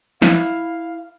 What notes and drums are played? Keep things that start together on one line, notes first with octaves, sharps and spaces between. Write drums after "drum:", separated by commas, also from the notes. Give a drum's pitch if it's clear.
E4 F5, drum: snare